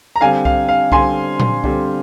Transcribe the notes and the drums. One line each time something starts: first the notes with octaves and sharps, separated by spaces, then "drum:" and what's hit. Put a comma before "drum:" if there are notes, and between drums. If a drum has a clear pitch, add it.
A#5
D3 G3 C4 F5 G#5
F5, drum: kick C2
F5
D3 G3 C4 G#5 C6, drum: kick C2
drum: tom A#2
D3 G3 C4, drum: kick C2